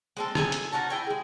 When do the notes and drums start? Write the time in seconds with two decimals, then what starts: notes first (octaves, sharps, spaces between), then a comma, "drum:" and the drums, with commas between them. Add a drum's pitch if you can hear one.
0.17 G#3 C4 A4
0.35 G#4 A4 G#5, drum: rim click
0.52 drum: hi-hat
0.72 C#4 D#4 F#4 A5
0.90 E4 G5 G#5
1.07 G#3 G#4